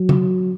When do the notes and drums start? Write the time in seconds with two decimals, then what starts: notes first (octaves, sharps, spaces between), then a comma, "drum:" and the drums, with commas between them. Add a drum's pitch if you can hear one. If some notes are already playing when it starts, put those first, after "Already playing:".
Already playing: F#3
0.09 drum: tom C#3